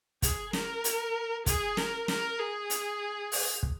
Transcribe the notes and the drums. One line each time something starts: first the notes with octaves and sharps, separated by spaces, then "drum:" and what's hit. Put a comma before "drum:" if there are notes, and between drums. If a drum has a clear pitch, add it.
G#4, drum: kick, hi-hat
A#4, drum: snare
drum: hi-hat
G#4, drum: kick, hi-hat
A#4, drum: snare
A#4, drum: snare
G#4
drum: hi-hat
drum: open hi-hat
drum: kick